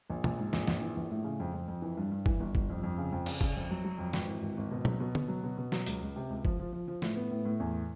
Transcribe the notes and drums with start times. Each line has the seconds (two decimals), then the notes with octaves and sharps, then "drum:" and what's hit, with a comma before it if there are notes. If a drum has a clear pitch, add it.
0.10 A#1
0.24 A#1, drum: tom B2
0.38 G#2
0.53 A#1, drum: snare
0.67 A#1, drum: snare
0.82 E3
0.96 A#1
1.10 A2
1.24 C#3
1.40 F2
1.54 F2
1.68 F2
1.82 E3
1.97 G2
2.11 G2
2.26 E3, drum: kick
2.40 G1
2.55 G1, drum: kick
2.70 F2
2.83 F2
2.98 C#3
3.12 F2
3.26 C#3, drum: cymbal
3.41 C#3, drum: kick
3.56 F2
3.71 F#3
3.84 F#3
3.98 F2
4.13 G#1, drum: snare
4.28 E3
4.42 G#1
4.57 G#1
4.71 B2
4.85 F#3, drum: tom B2
5.00 B2
5.15 B2, drum: tom
5.28 F#3
5.44 B2
5.58 B2
5.72 F#3, drum: snare
5.86 C#2, drum: hi-hat
6.02 C#2
6.16 C3
6.30 C#2
6.45 F3, drum: kick
6.59 F3
6.73 F3
6.88 F3
7.02 A2, drum: snare
7.16 B3
7.30 A2
7.45 A2
7.60 E2